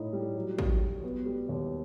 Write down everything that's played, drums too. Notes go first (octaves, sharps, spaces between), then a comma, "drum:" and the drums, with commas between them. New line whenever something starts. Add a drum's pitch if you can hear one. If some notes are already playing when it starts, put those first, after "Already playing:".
Already playing: A2 D#4
G3
F#3
F#4, drum: kick
F#3
B3
G3
D#2